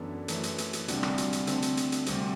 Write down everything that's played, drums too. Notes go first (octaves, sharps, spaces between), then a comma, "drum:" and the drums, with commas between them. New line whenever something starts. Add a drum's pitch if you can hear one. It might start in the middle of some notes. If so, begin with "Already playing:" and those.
Already playing: F#2 E3 B3 D4 A4
F#2 E3 A3 E4, drum: hi-hat
drum: hi-hat
drum: hi-hat
drum: hi-hat
D2 C3 G3 D4, drum: hi-hat
drum: rim click
drum: hi-hat
drum: hi-hat
D3 A3 C4, drum: hi-hat
drum: hi-hat
drum: hi-hat
drum: hi-hat
D2 C3 G3 C4, drum: hi-hat